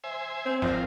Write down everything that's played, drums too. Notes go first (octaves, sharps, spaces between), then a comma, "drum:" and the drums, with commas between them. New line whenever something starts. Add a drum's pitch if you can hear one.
C5 E5 G#5
C4
F3 F4 A#4, drum: snare